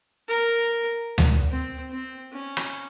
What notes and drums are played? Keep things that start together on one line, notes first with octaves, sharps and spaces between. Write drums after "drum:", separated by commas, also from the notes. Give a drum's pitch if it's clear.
A#4
drum: tom D2
C4
C4
C#4
drum: rim click